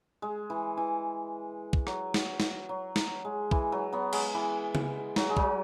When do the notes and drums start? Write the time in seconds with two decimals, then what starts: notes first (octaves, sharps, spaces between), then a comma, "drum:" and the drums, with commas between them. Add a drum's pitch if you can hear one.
0.22 G#3
0.50 E3
0.77 E3
1.73 drum: kick
1.87 F#3, drum: rim click
2.14 F#3, drum: snare
2.40 drum: snare
2.69 F#3
2.96 drum: snare
3.25 G#3
3.51 E3, drum: kick
3.72 F#3
3.92 F#3 B3
4.13 G#3, drum: cymbal
4.34 E3
4.75 drum: tom C#3
5.16 F#3, drum: snare
5.30 G#3
5.37 F#3, drum: kick